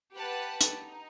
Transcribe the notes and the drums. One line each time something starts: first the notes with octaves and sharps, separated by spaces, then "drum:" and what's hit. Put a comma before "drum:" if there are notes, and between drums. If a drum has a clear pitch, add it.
G4 B4 F#5 A5
drum: hi-hat
D#4